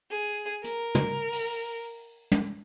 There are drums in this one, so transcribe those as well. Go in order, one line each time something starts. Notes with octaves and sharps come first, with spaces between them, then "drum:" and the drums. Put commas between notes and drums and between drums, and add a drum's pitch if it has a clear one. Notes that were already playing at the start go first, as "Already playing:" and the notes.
G#4
A#4, drum: hi-hat
drum: tom
drum: open hi-hat
drum: tom